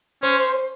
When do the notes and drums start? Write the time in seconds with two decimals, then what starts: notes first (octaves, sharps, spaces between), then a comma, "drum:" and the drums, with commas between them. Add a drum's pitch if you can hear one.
0.22 C#4 C5, drum: hi-hat
0.38 drum: hi-hat